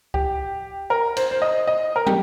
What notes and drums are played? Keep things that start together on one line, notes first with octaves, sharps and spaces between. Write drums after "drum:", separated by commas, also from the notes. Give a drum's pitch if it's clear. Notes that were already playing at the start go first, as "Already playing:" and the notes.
G4, drum: kick C#2
A#4
C5, drum: cymbal
C5
D#5
D#5
A#4
G4, drum: tom